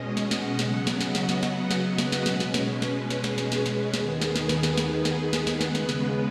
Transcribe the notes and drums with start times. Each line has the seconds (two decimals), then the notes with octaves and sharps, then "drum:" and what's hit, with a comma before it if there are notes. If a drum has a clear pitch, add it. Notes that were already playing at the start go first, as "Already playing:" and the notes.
Already playing: B2 G#3 C#4 D#5
0.17 F#5, drum: snare
0.31 drum: snare
0.59 C#3 F#3 B3, drum: snare
0.87 drum: snare
1.01 D#5, drum: snare
1.15 drum: snare
1.29 drum: snare
1.43 D#5, drum: snare
1.71 drum: snare
1.84 B4
1.98 drum: snare
2.12 drum: snare
2.26 B2 G#3 C#4, drum: snare
2.40 drum: snare
2.54 drum: snare
2.82 drum: snare
3.10 G#4, drum: snare
3.24 drum: snare
3.38 drum: snare
3.52 G#4, drum: snare
3.66 drum: snare
3.94 D#2 D#3 B3 G#4, drum: snare
4.21 drum: snare
4.36 B4, drum: snare
4.49 drum: snare
4.63 drum: snare
4.78 G#4, drum: snare
5.05 drum: snare
5.19 G#4
5.33 drum: snare
5.47 drum: snare
5.61 C#3 G#3 B3 B4, drum: snare
5.75 drum: snare
5.89 drum: snare